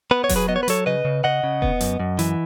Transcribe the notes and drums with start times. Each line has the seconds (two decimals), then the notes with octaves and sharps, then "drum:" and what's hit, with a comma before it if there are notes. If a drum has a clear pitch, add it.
0.11 B3 B4
0.24 C#5
0.29 F#3, drum: kick E1, open hi-hat
0.36 G#4 B4
0.48 B3 D#5
0.56 C#5
0.63 B4
0.68 F#3 A4 C#5, drum: hi-hat
0.86 C#3 B4 D#5
1.05 C#3
1.24 C#3 D#5 F#5
1.44 C#3
1.62 B3, drum: kick E1
1.81 F#2, drum: hi-hat
2.00 F#2
2.19 E3, drum: hi-hat